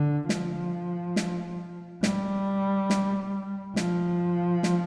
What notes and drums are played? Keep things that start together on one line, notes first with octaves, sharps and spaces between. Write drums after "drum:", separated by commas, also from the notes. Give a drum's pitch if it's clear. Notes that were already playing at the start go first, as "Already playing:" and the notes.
Already playing: D3
F3, drum: snare
drum: snare
G3, drum: snare
drum: snare
F3, drum: snare
drum: snare